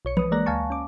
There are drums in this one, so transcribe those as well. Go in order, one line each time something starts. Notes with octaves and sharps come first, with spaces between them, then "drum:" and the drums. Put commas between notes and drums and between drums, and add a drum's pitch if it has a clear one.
B1 C#5 C#7
B4 D#6, drum: tom E3
G#3 A#3 D5 A#5 F#6 A#6
D2 F5 G#5 A5 C#6
C#4 D6